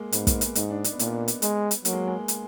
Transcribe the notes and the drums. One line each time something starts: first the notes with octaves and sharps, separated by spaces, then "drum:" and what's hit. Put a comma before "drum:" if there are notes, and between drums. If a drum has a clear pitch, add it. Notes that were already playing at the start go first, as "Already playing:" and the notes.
Already playing: G#3 A#3
G#2 B3, drum: hi-hat
A#3, drum: kick, hi-hat
B3, drum: hi-hat
G#2 D#4, drum: hi-hat
D4
D4, drum: hi-hat
B3
A#2 A#3, drum: hi-hat
B3
drum: hi-hat
G#3, drum: hi-hat
drum: hi-hat
F#3 A#3, drum: hi-hat
G#3
G#3
drum: hi-hat